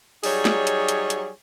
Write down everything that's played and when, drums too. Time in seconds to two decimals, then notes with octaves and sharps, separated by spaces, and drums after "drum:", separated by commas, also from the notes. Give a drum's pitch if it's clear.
0.24 F#3 G3 D#4 G#4 C#5, drum: open hi-hat
0.45 drum: snare
0.67 drum: hi-hat
0.89 drum: hi-hat
1.10 drum: hi-hat